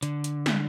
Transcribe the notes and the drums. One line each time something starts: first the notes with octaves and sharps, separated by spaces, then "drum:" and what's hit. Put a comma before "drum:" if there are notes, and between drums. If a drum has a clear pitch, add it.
D3, drum: hi-hat
drum: hi-hat
drum: snare